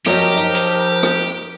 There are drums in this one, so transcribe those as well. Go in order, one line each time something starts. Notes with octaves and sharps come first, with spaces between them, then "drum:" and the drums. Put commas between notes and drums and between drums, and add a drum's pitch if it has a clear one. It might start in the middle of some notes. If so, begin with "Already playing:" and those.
F3 F#3 G4 A#4 D#5, drum: rim click
D#4
drum: hi-hat
drum: rim click